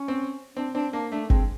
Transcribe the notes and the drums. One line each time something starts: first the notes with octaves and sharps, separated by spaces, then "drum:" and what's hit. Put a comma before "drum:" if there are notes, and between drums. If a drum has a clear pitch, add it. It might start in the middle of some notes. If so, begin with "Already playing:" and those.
Already playing: C#4
C4
C4 D4
C4 D4
A#3 D4
A3 D4
G#3 C4, drum: kick